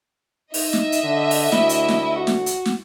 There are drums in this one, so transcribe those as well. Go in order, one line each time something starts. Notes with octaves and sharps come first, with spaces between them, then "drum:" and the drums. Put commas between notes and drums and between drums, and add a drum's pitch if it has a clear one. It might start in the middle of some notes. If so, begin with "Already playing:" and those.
D#4 D#5 E5, drum: open hi-hat
drum: snare
drum: hi-hat
D3
drum: open hi-hat
D2 E4, drum: snare
drum: hi-hat
drum: snare
F#4
drum: snare
drum: hi-hat
drum: snare